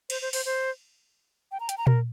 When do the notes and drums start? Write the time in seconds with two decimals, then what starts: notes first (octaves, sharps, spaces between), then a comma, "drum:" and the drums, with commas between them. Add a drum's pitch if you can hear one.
0.10 C5, drum: cymbal
0.22 C5
0.33 C5, drum: open hi-hat
0.45 C5
1.52 G5
1.60 A#5
1.69 G5, drum: hi-hat
1.78 A#5
1.87 A#4, drum: tom A#2